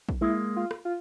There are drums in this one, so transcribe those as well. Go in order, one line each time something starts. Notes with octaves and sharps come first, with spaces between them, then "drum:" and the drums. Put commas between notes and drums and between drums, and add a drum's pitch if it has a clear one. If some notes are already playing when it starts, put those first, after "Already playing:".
drum: kick A#1
G#3 A#3 E4
F4
drum: rim click
F4